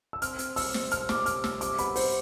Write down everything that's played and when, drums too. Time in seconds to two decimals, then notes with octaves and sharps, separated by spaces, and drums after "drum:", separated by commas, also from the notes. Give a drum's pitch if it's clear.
0.13 E6
0.22 C4 F6, drum: hi-hat
0.39 C4, drum: hi-hat
0.56 G3 E6, drum: open hi-hat
0.74 C3, drum: snare
0.91 C4 F6, drum: hi-hat
1.09 G3 D6, drum: snare
1.26 G3 F6, drum: hi-hat
1.44 G3 E6, drum: snare
1.61 C3 D6, drum: hi-hat
1.78 B3 B5, drum: hi-hat
1.96 C3 C5, drum: open hi-hat